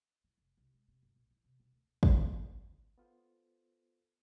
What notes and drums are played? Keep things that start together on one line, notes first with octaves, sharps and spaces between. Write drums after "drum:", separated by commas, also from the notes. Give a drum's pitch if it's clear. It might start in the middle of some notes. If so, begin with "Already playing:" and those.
E3
F1
C2
G#3
C3
G1
A#1
E3
C3
C3
D2
drum: kick
B3 F4 A4 C5